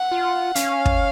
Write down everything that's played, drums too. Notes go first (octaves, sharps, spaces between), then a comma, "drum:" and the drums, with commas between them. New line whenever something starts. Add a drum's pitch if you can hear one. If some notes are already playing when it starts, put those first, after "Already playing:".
Already playing: F#5
F4
C#4 F5, drum: hi-hat
drum: kick